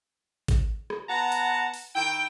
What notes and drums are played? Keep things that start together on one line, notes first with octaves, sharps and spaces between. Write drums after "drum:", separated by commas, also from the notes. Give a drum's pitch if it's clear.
drum: kick G#1, hi-hat
drum: rim click
B3 F#5 A5 A#5
drum: hi-hat
drum: open hi-hat
D#3 E4 G5